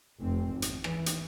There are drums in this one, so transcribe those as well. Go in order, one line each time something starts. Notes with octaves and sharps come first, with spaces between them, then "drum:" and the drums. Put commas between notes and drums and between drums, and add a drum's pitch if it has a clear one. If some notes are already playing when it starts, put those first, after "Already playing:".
F1 F2 C4
G#1
drum: hi-hat
E3, drum: rim click
drum: hi-hat